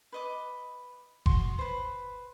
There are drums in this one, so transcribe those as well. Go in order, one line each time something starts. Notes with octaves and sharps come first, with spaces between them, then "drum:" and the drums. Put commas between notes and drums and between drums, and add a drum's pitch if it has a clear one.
B4 D#5 D6
F#4 C6, drum: kick F#1
B4 C5